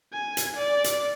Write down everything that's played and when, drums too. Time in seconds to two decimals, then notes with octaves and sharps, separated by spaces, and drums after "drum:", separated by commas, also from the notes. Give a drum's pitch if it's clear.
0.13 G#5
0.37 drum: hi-hat
0.57 D5
0.84 drum: hi-hat